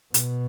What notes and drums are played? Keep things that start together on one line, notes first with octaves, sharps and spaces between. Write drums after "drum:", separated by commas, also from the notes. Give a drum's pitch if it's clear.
B2, drum: hi-hat